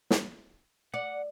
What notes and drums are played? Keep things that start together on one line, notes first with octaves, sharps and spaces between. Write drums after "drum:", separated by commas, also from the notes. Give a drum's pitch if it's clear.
drum: snare
D5 F#5